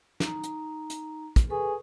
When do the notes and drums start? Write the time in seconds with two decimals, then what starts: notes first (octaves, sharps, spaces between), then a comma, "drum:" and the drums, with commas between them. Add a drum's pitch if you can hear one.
0.20 D#4 A#5, drum: snare
0.43 drum: hi-hat
0.90 drum: hi-hat
1.36 drum: kick, hi-hat
1.50 G#4 A4 B4 C#6